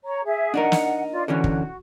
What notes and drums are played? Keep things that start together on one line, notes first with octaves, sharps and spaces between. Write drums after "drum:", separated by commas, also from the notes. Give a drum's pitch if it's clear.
C#5 A#5
G#4 E5
D4 D#4 A#4 F#5
drum: snare
F4 D5
D3 E3 C#4 F#4
drum: kick